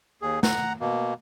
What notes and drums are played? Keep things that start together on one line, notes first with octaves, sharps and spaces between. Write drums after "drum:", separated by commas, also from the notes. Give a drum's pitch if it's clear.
D#2 G#4
F#5 A#5, drum: snare
B2 A#3